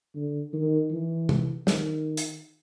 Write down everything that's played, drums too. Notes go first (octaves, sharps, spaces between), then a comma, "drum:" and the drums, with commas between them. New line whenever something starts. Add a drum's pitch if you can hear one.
D3
D#3
E3
drum: tom C3
D#3, drum: snare
drum: hi-hat